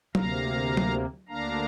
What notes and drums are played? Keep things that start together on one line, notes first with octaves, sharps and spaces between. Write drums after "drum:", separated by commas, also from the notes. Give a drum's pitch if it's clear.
D2 C3 A#3 F5 A#5, drum: tom F#3
drum: tom F#3
D2 D3 A#3 D4 F5 A#5